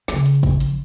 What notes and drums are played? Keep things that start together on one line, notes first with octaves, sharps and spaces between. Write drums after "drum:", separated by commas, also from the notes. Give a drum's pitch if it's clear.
C#3 F3, drum: snare
drum: hi-hat
drum: kick, hi-hat
drum: hi-hat